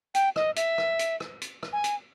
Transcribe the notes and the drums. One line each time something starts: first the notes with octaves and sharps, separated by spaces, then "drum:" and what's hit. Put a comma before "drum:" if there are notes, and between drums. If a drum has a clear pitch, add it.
G5, drum: hi-hat
D#5, drum: rim click
E5, drum: hi-hat
drum: rim click
drum: hi-hat
drum: rim click
drum: hi-hat
drum: rim click
G#5
drum: hi-hat